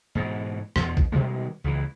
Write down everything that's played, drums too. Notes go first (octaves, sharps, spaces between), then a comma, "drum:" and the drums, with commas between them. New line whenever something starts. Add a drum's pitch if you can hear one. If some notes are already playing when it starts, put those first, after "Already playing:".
G#2 B2 E3
E2 B2, drum: rim click
drum: kick
B2 D#3 G3 G#3
C#2 E3